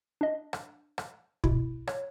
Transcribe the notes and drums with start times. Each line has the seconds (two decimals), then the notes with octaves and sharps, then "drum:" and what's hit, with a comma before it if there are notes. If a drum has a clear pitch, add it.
0.21 D4 D#5
0.53 drum: rim click
0.98 drum: rim click
1.44 B2 E4, drum: kick
1.88 C#5, drum: rim click